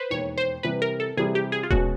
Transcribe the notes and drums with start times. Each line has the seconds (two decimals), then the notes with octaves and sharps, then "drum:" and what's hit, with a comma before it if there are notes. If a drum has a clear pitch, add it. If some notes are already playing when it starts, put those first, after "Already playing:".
Already playing: B4 C5
0.10 E1 D#2 D#3 C#5
0.38 C5
0.63 C3 E3 G3 B4
0.82 A#4
1.00 A4
1.17 C3 E3 G3 G#4
1.35 G4
1.52 G#4
1.63 F4
1.70 B2 G#3 C#4 F#4, drum: kick D#1